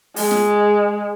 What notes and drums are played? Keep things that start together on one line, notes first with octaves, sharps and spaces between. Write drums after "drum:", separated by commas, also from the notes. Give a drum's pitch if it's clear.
G#3, drum: open hi-hat
drum: snare